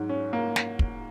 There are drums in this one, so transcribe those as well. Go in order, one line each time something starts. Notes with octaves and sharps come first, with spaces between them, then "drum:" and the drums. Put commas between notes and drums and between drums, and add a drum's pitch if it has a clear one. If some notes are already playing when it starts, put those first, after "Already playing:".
Already playing: G#2 F#3
C#4
A#3
drum: snare
drum: kick